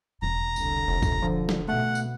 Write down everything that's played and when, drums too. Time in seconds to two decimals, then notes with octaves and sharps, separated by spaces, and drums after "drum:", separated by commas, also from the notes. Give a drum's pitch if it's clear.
0.22 E1 B2 A#5
0.56 C2 D3, drum: tambourine
0.88 F1
1.02 drum: kick, tambourine
1.22 D3 F3
1.49 drum: snare
1.68 B2 A3 F#5
1.95 drum: tambourine